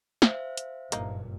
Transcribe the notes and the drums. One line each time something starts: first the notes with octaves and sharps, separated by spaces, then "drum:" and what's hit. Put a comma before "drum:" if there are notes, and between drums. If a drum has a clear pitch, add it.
C5 E5 F5, drum: snare
drum: hi-hat
F#1 G2 A#2 A#3 D#4, drum: hi-hat